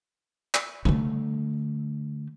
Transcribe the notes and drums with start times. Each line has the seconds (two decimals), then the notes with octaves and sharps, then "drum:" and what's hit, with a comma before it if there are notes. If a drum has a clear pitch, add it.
0.54 drum: clap
0.85 D3 A3, drum: tom C3